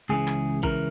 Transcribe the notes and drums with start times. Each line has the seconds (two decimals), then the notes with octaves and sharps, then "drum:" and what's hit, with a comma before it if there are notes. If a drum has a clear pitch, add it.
0.09 C#2 C#3 E3 G#4
0.28 drum: clap
0.63 C#2 C#3 E3 A#4, drum: kick A#1